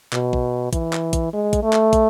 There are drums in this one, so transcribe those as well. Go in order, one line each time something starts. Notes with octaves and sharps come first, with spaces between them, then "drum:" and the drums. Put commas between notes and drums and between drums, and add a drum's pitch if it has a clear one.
B2, drum: clap
drum: kick
E3, drum: kick, hi-hat
drum: clap
drum: kick, hi-hat
G#3
drum: kick, hi-hat
A3
drum: clap
drum: kick, hi-hat